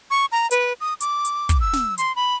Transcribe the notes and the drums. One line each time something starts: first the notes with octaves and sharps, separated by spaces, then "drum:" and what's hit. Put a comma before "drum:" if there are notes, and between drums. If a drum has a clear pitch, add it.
C#6
A#5
B4, drum: hi-hat
D#6
D6, drum: hi-hat
drum: hi-hat
drum: kick, hi-hat
E6
drum: snare
C6, drum: hi-hat
B5